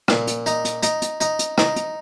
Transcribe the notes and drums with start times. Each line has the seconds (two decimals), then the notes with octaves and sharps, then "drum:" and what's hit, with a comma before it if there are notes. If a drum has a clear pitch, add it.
0.08 A#2, drum: rim click
0.27 drum: hi-hat
0.46 D#4, drum: hi-hat
0.65 drum: hi-hat
0.83 D#4, drum: hi-hat
1.02 drum: hi-hat
1.21 D#4, drum: hi-hat
1.39 drum: hi-hat
1.58 D#4, drum: rim click
1.76 drum: hi-hat